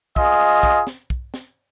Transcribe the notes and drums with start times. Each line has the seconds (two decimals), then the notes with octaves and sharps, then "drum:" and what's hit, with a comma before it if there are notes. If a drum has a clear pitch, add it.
0.16 F4 G#4 D#5, drum: kick
0.63 drum: kick
0.87 drum: snare
1.10 drum: kick
1.34 drum: snare